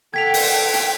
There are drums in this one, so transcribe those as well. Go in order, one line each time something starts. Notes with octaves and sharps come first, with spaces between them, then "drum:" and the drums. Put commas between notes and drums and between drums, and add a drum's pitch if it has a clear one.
A4 F#5 G5 G#6 B6 F7
drum: open hi-hat
drum: hi-hat